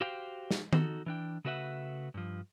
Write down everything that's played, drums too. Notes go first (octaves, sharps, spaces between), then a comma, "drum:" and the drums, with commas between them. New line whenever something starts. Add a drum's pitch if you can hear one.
F#4 G4 C5 F5 G5
drum: snare
D#4 F#4 A4, drum: tom D#3
E3 D4 G5
C#3 A3 F#4 B4 E5 F#5
G2 F3